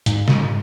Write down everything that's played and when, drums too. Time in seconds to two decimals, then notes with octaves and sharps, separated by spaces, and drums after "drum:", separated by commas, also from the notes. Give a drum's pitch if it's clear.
0.06 G#2, drum: hi-hat
0.28 drum: snare